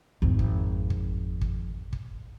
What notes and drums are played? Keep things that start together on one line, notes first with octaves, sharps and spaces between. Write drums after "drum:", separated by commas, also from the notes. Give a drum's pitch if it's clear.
G#1 F2
drum: kick
drum: kick
drum: kick
drum: kick